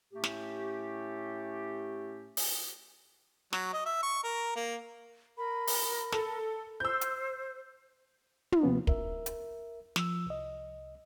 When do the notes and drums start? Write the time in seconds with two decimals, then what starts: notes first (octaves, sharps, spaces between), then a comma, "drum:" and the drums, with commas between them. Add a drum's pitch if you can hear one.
0.13 A2 A3 C#4 G4
0.24 drum: snare
2.37 drum: open hi-hat
3.53 F#3, drum: snare
3.73 D#5
3.86 E5
4.03 C#6
4.24 A#4
4.56 A#3
5.38 A#4 B5
5.67 drum: open hi-hat
6.12 A4, drum: snare
6.80 C5 E6 G6
7.01 drum: hi-hat
8.52 drum: tom
8.62 D#2 C3 F3 B3 F4
8.87 A#4 E5, drum: kick
9.26 drum: hi-hat
9.96 F3 E6, drum: snare
10.26 C2 D#5